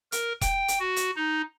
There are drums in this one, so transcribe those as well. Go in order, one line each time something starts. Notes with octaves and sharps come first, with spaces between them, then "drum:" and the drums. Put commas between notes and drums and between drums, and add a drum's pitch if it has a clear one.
A#4, drum: hi-hat
G5, drum: kick E1, hi-hat
drum: hi-hat
F#4
drum: hi-hat
D#4